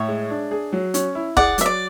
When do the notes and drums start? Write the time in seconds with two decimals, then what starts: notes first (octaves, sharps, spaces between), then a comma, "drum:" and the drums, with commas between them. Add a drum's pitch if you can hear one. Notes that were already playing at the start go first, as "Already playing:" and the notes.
Already playing: A2 C#5 E5
0.08 G#3
0.30 D4
0.51 G#4
0.73 F#3
0.94 C#4, drum: hi-hat
1.15 E4
1.37 G#4 D5 F#5, drum: kick
1.58 F#3 E5, drum: hi-hat
1.66 D5